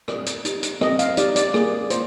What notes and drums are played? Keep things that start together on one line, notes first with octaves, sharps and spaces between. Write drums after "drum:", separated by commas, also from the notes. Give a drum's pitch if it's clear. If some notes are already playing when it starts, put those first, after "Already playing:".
C4 D5, drum: rim click
drum: hi-hat
D#4 G4, drum: hi-hat
drum: hi-hat
C4 D#5, drum: rim click
F5, drum: hi-hat
D#4 G4 D5, drum: hi-hat
D5, drum: hi-hat
A#3 G#4, drum: rim click
F4 C5, drum: hi-hat